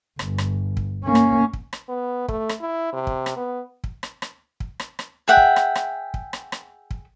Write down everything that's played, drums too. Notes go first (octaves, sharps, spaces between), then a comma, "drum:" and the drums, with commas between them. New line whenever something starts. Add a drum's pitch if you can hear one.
G1, drum: rim click
drum: rim click
drum: kick
A#3 C#4
drum: rim click
drum: kick
drum: rim click
B3
A3, drum: kick
drum: rim click
E4
C3
drum: kick
drum: rim click
B3
drum: kick
drum: rim click
drum: rim click
drum: kick
drum: rim click
drum: rim click
G#4 E5 F#5 G5
drum: kick
drum: rim click
drum: rim click
drum: kick
drum: rim click
drum: rim click
drum: kick